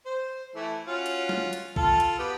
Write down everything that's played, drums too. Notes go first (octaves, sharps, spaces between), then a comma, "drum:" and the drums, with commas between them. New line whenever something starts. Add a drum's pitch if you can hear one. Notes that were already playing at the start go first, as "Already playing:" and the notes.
C5
E3 A3 E4
C#4 F4 F#4
drum: hi-hat
drum: snare
drum: hi-hat
F4 A4 A5, drum: kick A#1
drum: hi-hat
B3 G4